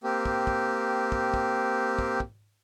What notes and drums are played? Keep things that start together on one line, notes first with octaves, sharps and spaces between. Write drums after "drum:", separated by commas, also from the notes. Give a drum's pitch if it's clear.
A#3 C4 G4
drum: kick
drum: kick
drum: kick
drum: kick
drum: kick
drum: kick